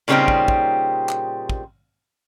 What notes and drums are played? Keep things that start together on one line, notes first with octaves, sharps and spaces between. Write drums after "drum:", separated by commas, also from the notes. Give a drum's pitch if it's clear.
A#2 C#3 G3 C4 D#4 G5
drum: kick
drum: kick
drum: clap
drum: kick